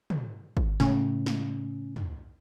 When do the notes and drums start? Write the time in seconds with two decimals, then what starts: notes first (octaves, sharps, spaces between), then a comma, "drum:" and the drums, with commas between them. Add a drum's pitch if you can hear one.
0.10 drum: tom
0.57 drum: kick
0.80 A2 C#3 C#4, drum: snare
1.26 drum: snare
1.96 drum: tom